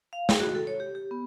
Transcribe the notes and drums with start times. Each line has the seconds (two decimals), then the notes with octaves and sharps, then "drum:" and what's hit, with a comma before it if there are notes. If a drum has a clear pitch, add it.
0.13 F5
0.29 G#4, drum: snare
0.40 F#4
0.55 A4
0.67 C#5
0.80 G4
0.95 G4
1.11 B3